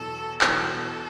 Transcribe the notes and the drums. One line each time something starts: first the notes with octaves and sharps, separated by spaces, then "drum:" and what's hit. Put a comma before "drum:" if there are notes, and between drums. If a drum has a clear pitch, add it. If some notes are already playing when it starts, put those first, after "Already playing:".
Already playing: E2 B2 F#3 A4
E2 B2 F#3 A4, drum: clap